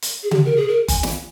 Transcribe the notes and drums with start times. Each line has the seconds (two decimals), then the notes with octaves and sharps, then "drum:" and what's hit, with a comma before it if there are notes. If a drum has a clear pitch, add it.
0.02 drum: hi-hat
0.23 G#4
0.31 G4, drum: tom C#3
0.45 A#4
0.56 G#4
0.68 A#4
0.88 G#5, drum: kick F#1, hi-hat
1.03 drum: snare